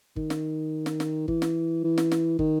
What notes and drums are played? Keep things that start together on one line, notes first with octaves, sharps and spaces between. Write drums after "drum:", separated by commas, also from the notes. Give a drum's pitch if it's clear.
D#3, drum: kick
drum: snare
drum: snare
drum: snare
E3, drum: kick
drum: snare
E3
drum: snare
drum: snare
D#3, drum: kick